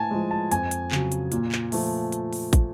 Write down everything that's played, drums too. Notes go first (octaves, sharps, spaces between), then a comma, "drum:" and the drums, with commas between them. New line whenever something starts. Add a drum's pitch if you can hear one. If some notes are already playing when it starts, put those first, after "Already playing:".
Already playing: A2 G#5 A5
F3 G#3
A5
F2 G#5, drum: hi-hat
drum: hi-hat
C#3 F#3, drum: clap
drum: hi-hat
A#2, drum: hi-hat
drum: clap
F3 A3, drum: open hi-hat
drum: hi-hat
drum: open hi-hat
drum: kick, hi-hat